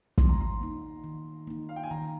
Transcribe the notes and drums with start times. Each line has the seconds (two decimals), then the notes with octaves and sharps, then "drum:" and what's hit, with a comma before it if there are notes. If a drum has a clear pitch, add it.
0.18 D#3 C6, drum: kick
0.29 A#5
0.40 C6
0.61 A#3 D#4
1.04 D#3
1.47 A#3 D#4
1.69 F5
1.76 G5
1.83 G#5
1.91 D#3 A#5